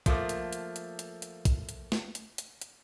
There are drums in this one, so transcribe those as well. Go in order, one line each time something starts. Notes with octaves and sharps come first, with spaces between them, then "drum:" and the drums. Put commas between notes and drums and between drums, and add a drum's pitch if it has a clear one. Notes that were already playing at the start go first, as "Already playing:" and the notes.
F3 A3 A#3, drum: kick, hi-hat
drum: hi-hat
drum: hi-hat
drum: hi-hat
drum: hi-hat
drum: hi-hat
drum: kick, hi-hat
drum: hi-hat
drum: snare
drum: hi-hat
drum: hi-hat
drum: hi-hat